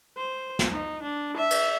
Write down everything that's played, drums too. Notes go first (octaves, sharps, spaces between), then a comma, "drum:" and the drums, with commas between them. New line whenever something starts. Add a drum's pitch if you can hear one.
C5
drum: snare
D#4
D4
E5
drum: cymbal